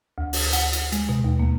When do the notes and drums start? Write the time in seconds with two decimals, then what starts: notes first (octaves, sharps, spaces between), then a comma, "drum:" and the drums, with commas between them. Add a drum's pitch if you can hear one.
0.18 D2
0.33 drum: open hi-hat
0.53 F#5, drum: hi-hat
0.73 drum: hi-hat
0.92 G#3, drum: hi-hat
1.09 B2
1.24 D#2
1.40 A#3